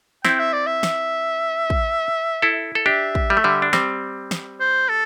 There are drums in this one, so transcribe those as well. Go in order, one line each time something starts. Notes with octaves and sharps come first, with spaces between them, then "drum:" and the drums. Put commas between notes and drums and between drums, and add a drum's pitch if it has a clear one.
C4 E4 G5, drum: snare
E5
D5
E5
drum: snare
drum: kick
E4 A4
A4
D4 G4 E5
drum: kick
G3
A3
D3 G3
D4
G3 C4, drum: snare
drum: snare
C5
A4